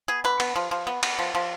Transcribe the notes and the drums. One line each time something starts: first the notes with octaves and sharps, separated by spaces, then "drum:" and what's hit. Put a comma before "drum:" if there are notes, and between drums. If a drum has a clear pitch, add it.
B3 G#4
D3 B4
B3, drum: cymbal
F3
F3
B3
B3, drum: cymbal
F3
F3